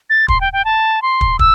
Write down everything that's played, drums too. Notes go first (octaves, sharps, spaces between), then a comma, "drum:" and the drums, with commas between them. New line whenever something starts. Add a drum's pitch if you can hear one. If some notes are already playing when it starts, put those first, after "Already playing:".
A6
C6, drum: kick
G5
G5
A5
C6
drum: kick
E6, drum: kick